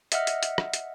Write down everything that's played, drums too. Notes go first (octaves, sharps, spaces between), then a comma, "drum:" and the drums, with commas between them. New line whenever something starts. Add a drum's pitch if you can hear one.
D#5 E5 F#5 F6, drum: hi-hat
drum: hi-hat
drum: hi-hat
drum: rim click
drum: hi-hat